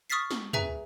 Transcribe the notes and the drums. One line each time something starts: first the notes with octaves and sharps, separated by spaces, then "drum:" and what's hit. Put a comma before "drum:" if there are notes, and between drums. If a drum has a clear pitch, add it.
C#6 D#6 F6 A6 B6 C7
drum: snare
G#4 B4 E5 G#5 A#5, drum: tom